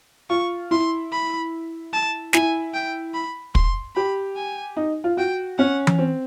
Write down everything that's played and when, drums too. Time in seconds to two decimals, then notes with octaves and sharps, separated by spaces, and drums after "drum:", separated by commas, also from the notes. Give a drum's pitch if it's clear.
0.30 F4 C#6
0.71 E4 C6
1.12 B5
1.93 A5
2.33 E4 G#5, drum: snare
2.74 G5
3.14 B5
3.55 C6, drum: kick
3.95 G4 B5
4.36 G#5
4.77 D#4
5.04 F4
5.17 F#4 G5
5.58 C#4 F#5
5.87 drum: tom E3
5.98 C4